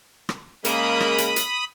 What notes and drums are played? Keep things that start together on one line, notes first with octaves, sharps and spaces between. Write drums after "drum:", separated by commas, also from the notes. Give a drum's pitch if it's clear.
drum: rim click
C#3 G#3 A#3 B5 D#6, drum: hi-hat
drum: rim click
drum: hi-hat
drum: hi-hat